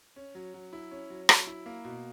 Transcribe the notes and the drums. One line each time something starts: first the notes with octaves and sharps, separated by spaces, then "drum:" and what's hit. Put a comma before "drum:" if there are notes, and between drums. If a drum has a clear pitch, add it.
C#4
F#3
F#3
E4
C#4
F#3
F#3, drum: rim click
E4
A#3
B2